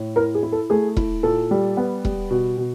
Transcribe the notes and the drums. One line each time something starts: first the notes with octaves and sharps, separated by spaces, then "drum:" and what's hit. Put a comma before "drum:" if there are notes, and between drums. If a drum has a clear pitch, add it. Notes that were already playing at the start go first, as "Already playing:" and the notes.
Already playing: A2
E4 A#4
G#4
E4
A4
A3 G#4
E4, drum: kick E1
A#2 A4
G3
B3
G3, drum: kick E1
B2
B2